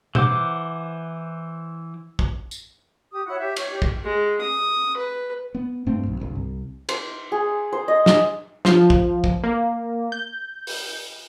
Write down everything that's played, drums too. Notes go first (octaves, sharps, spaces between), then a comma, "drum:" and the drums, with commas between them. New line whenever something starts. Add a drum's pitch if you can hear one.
E3 C5 F#5 D6, drum: tom B2
drum: kick
drum: tambourine
G4 D#6
E4 F#4 C#5 F#5
G4 E5
C#5 C#6, drum: cymbal
G4
drum: kick
G#3
D#6
B4
B3
G2 A3 C4
B1
G1 C2
C2
C5, drum: cymbal
G#4
C5
D#5
drum: snare
F3, drum: snare
drum: kick
drum: kick
A#3
G6
drum: open hi-hat